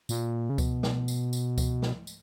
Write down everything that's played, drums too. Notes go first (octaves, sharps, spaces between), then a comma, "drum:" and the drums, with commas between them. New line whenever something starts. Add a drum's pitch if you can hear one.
A#2, drum: tambourine
C#3
B2, drum: kick C#2, tambourine
drum: snare
drum: tambourine
drum: tambourine
drum: kick C#2, tambourine
drum: snare
drum: tambourine